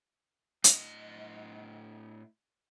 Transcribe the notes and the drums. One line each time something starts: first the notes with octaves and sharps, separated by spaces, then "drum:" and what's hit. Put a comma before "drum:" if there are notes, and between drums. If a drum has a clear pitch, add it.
A2 D#5, drum: hi-hat